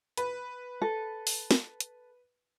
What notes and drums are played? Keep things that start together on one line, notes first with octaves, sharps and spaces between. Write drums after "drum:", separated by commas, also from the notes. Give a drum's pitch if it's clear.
B4, drum: hi-hat
A4
drum: open hi-hat
drum: snare
drum: hi-hat